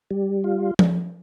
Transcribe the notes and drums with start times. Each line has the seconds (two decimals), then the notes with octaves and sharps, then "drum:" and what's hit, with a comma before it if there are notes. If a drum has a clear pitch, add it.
0.11 G3
0.44 F4
0.79 drum: tom F3